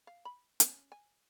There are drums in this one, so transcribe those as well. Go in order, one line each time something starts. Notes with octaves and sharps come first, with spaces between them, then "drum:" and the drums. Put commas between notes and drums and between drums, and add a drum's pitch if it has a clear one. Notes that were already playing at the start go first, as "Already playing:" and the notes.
F5
B5
C#4, drum: hi-hat
G#5